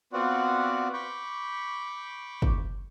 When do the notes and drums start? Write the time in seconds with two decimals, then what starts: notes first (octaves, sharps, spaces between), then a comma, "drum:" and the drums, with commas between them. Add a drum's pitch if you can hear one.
0.13 B3 C4 F4 F#4 D5 F#5
0.93 B5 C#6 D6 G6
2.42 drum: kick